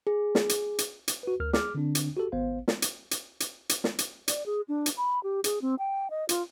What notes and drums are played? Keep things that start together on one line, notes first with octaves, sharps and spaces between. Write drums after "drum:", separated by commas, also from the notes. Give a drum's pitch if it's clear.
G#4
drum: snare
drum: hi-hat
drum: hi-hat
drum: hi-hat
F#4 B4
D2 A#4 F6
G#4 D6 F6, drum: snare
D3 C4 D4
drum: hi-hat
F#4 G4 A4
G#1 B3 C5 F5
drum: snare
drum: hi-hat
drum: hi-hat
drum: hi-hat
drum: hi-hat
drum: snare
drum: hi-hat
D5, drum: hi-hat
G#4
D4
drum: hi-hat
B5
G4
G#4, drum: hi-hat
C4
G5
D#5
F4, drum: hi-hat